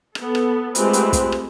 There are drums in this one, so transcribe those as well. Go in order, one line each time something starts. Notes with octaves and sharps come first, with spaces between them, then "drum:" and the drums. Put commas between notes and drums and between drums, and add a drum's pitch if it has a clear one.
B3 A4, drum: rim click
drum: rim click
G#3 A3 C4 F4 G4 B4, drum: hi-hat
drum: hi-hat
drum: kick, hi-hat
drum: rim click